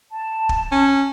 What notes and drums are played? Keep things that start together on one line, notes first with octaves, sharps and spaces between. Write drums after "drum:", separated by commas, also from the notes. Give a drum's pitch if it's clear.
A5
drum: kick
C#4